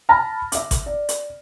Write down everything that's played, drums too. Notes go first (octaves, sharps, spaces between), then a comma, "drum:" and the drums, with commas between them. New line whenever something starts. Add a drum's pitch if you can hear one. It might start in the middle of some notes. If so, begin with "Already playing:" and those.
A5 B5 F6 A#6
E5 D6, drum: hi-hat
drum: kick G#1, hi-hat
D5
drum: hi-hat